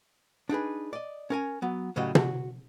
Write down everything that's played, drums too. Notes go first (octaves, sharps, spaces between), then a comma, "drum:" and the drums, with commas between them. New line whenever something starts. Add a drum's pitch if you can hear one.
D4 D#4 G#4 B4
D5 D#5
C#4 A#4 G#5
F#3 B3
A2 C#3 F#3 G3 D#5 F#5
F#4, drum: tom